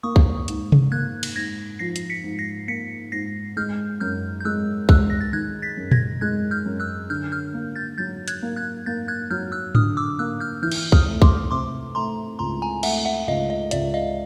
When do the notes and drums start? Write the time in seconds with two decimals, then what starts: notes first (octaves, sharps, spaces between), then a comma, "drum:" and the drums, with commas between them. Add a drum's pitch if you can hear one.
0.03 A#3 C#6 D#6
0.16 drum: kick C2
0.48 G#2, drum: hi-hat
0.72 drum: tom C3
0.92 A#3 F#6 G#6
1.23 drum: cymbal
1.35 G#2 G#6 A#6
1.79 F3 A#6 C7
1.96 drum: hi-hat
2.10 B6 C#7
2.24 G#2
2.39 A#6 C7
2.68 A#3 B6 C#7
3.12 G#2 A#6 C7
3.57 G#3 F6 G6
4.00 F#2 F6 G6
4.40 G6
4.45 G#3 E6 F#6
4.89 G#3 E6 F#6, drum: kick C2
5.10 A#6
5.21 A6
5.33 D#3 F#6 G#6
5.62 A6 B6
5.77 F#2
5.91 G#6 A#6, drum: tom A#2
6.21 G#3 F#6 G#6
6.51 F6 G6
6.66 F#2
6.80 E6 F#6
7.10 D3 F6 G6
7.32 F6 G6
7.54 A#3
7.76 G6 A6
7.98 F#3 G6 A6
8.28 F#6 G#6, drum: hi-hat
8.42 A#3
8.56 F#6 G#6
8.86 A#3 G6 A6
9.08 F#6 G#6
9.30 F#3 F6 G6
9.52 E6 F#6
9.75 D3 D#6 F6, drum: tom G#2
9.97 D6 E6
10.19 A#3 E6 F#6
10.40 F6 G6
10.62 E3 F6 G6
10.72 drum: cymbal
10.92 D#6 F6, drum: kick C2
11.07 A3
11.22 C6 D6, drum: kick C2
11.51 C3 C6 D6
11.95 A3 A#5 C6
12.39 C#2 A#5 C6
12.62 G#5 A#5
12.83 A3 E5 F#5, drum: cymbal
13.05 E5 F#5
13.27 C#2 D#5 F5
13.50 D#5
13.71 C#2 D5 E5, drum: hi-hat
13.94 D#5 F5